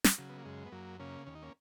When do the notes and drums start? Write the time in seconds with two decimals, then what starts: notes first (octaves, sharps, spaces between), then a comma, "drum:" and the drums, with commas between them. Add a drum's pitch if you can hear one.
0.04 drum: snare
0.18 C#3 F#3
0.29 B3
0.38 A#3
0.45 F#2 G#3
0.65 B3
0.72 F#2 F#3 A#3
1.00 C#3 A#3 C#4
1.26 D#2 C#4
1.35 D#4
1.43 A#3 C#4